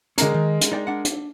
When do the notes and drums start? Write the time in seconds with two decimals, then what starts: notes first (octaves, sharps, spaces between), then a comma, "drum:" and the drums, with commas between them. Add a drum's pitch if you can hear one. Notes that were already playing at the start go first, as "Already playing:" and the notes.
0.18 D3 G#3 C#4 A#4, drum: hi-hat
0.34 D#3
0.61 drum: hi-hat
0.72 D#4 D5 G5
0.87 D4 F#5
1.05 drum: hi-hat